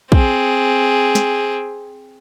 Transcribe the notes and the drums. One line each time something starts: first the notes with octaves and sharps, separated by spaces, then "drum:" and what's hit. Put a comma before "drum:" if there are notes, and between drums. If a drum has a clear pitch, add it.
C4 G#4, drum: kick
drum: snare